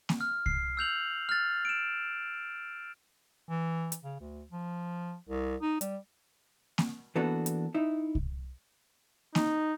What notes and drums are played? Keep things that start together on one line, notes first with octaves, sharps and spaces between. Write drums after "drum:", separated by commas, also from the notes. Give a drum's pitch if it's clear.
drum: snare A#3
F6
C7, drum: kick C2
E6 G6 F7 F#7
F6 A6
D7 E7
E3
drum: hi-hat
C#3
D2
F3
C2
D#4
G3, drum: hi-hat
drum: snare A#3
E3 A#3 B3 D4 F#4 A4
drum: hi-hat
D#4 E4
drum: kick C2
D#4, drum: snare A#3